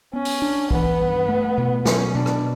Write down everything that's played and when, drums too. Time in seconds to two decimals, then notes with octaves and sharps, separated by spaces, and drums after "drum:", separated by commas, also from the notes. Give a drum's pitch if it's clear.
0.13 B3 C#4
0.25 drum: open hi-hat
0.42 D4
0.71 E3 B3, drum: kick
1.00 G2
1.28 A3
1.58 B2
1.85 F#3 C#4, drum: snare
2.15 B2 D4
2.26 drum: rim click